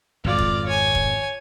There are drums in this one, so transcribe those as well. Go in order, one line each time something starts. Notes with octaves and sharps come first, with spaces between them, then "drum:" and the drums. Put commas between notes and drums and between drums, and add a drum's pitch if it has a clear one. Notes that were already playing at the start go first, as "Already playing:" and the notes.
G#1 F2 F4 D5
drum: kick E1
C#5 G#5
drum: kick E1